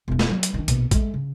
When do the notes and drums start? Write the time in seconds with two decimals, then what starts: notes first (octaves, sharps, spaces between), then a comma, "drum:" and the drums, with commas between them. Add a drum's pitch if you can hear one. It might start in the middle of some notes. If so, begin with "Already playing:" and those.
0.08 E1 E4
0.19 drum: snare
0.30 F#3
0.43 drum: hi-hat
0.54 D#3 D4
0.68 A#1 B2, drum: hi-hat
0.91 G#3 A3, drum: kick, hi-hat
1.14 C#3